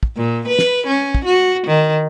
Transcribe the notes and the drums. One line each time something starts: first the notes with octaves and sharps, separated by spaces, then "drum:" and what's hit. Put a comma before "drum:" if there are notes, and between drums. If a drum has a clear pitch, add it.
drum: kick
A#2
B4
drum: snare
C#4
drum: kick
F#4
D#3